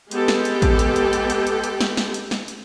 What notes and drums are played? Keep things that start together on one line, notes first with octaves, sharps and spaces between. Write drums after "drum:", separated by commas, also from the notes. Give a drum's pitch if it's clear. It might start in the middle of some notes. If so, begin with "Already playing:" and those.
G#3 B3 G4 A4 G5, drum: hi-hat
drum: snare
drum: hi-hat
drum: kick A1, hi-hat
drum: hi-hat
drum: hi-hat
drum: hi-hat
drum: hi-hat
drum: hi-hat
drum: hi-hat
drum: snare
drum: snare
drum: hi-hat
drum: snare
drum: hi-hat